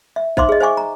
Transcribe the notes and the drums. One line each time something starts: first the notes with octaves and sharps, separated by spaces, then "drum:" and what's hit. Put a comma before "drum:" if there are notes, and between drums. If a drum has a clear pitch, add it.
E5
D#4 C5 E5 F5 C6 D6, drum: kick A1
G#4 D#5
C5 E5 F5 G#5 C#6 D6
A#5